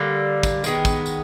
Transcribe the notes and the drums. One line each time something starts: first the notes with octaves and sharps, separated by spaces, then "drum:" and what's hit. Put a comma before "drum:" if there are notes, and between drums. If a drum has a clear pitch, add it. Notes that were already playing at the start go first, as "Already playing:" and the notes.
Already playing: D3 G3 A#3
drum: kick, tambourine
D#3 G#3 B3, drum: tambourine
drum: kick, tambourine
drum: tambourine